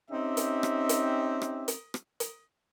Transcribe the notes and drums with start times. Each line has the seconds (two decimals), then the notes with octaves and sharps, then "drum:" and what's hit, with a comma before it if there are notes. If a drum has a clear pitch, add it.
0.11 C4 C#4 D#4 G4 E5
0.37 drum: hi-hat
0.63 drum: rim click
0.89 drum: hi-hat
1.42 drum: rim click
1.68 drum: hi-hat
1.94 drum: rim click
2.20 drum: hi-hat